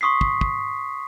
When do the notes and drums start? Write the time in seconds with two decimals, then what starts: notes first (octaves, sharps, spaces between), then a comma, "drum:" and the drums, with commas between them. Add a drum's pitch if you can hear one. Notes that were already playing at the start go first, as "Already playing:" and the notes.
0.01 C6 C#6 D#6 B6 C7
0.21 drum: kick
0.41 drum: kick